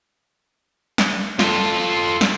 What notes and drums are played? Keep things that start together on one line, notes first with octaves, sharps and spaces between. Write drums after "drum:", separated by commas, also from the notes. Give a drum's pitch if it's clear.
drum: snare
F4 A4, drum: snare
drum: snare